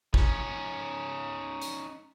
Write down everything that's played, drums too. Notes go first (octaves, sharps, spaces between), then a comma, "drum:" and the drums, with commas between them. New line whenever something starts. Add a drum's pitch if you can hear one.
C#4 D#4, drum: kick
drum: hi-hat